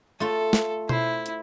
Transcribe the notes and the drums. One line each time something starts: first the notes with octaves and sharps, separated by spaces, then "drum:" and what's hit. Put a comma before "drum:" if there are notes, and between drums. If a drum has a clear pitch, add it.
A3 F4 A4
drum: snare
E4 C5, drum: tom B2
drum: hi-hat